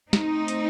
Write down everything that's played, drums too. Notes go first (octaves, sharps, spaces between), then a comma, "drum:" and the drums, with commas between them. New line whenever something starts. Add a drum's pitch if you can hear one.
A3 C4 D#4, drum: snare
drum: hi-hat